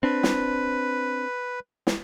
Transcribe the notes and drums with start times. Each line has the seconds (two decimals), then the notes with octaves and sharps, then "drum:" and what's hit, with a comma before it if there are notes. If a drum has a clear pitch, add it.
0.03 C4 D4 B4
0.23 drum: snare
1.87 drum: snare